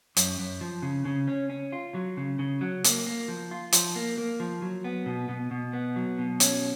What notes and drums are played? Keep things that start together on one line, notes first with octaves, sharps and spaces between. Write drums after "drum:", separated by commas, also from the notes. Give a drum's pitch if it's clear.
F#2, drum: hi-hat
F#2
F3
C#3
C#3
C#4
C#4
F4
F#3
C#3
C#3
F#3
A#3, drum: hi-hat
A#3
F3
F4
F3, drum: hi-hat
A#3
A#3
F3
F#3
B3
B2
B2
B2
B3
F#3
B2
C#4, drum: hi-hat